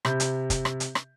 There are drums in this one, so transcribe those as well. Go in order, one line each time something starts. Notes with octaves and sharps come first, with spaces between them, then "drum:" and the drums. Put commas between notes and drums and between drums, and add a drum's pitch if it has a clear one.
C3 B5 G6, drum: rim click
drum: hi-hat
drum: kick, hi-hat
drum: rim click
drum: hi-hat
drum: rim click